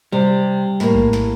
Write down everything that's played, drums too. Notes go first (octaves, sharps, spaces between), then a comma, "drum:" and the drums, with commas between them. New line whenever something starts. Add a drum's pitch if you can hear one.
C3 G3
A2 A#3, drum: snare
drum: kick A#1
drum: snare